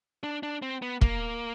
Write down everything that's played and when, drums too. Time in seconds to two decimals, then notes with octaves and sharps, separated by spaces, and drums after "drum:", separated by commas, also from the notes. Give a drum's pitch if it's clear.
0.24 D4
0.43 D4
0.62 C4
0.82 B3
1.01 A#3, drum: kick